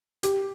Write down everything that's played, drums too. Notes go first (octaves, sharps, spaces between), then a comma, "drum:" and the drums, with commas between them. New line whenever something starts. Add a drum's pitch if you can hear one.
G4, drum: hi-hat